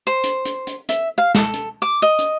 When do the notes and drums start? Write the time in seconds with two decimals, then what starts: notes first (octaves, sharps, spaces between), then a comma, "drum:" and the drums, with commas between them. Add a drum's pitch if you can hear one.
0.07 C5
0.24 drum: hi-hat
0.45 drum: hi-hat
0.67 drum: hi-hat
0.89 E5, drum: hi-hat
1.18 F5
1.35 A4, drum: snare
1.54 drum: hi-hat
1.82 D6
2.02 D#5
2.19 drum: hi-hat